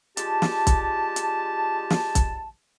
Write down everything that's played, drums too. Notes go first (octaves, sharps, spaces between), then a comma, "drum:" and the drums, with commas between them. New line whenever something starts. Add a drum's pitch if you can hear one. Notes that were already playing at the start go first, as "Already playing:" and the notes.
G#3 D4 F4 G4 A5, drum: hi-hat
drum: snare
drum: kick, hi-hat
drum: hi-hat
drum: snare
drum: kick, hi-hat